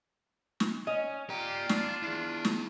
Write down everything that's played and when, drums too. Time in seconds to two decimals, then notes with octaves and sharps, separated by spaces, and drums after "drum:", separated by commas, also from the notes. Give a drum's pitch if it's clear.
0.60 drum: snare
0.87 C#4 D#5
1.30 F4 G4 D5 A#5
1.69 D4, drum: snare
2.03 E4 G#4
2.45 drum: snare